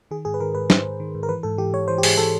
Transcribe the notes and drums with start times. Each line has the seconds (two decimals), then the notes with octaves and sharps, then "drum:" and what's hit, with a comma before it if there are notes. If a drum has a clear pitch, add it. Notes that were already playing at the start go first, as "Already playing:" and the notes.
0.11 D#3 G#4
0.25 G#2 G#4
0.34 B4
0.40 D#3 A#4
0.55 G#2 B4
0.70 D#3 C5, drum: snare
0.85 G#2
1.00 D#3
1.15 G#2
1.23 A#4
1.29 E3 B4
1.43 G#2 A4
1.58 E3 G4
1.73 G#2 C#5
1.88 E3 C5
1.98 G4
2.03 G#2 G#4, drum: open hi-hat
2.18 E3 A4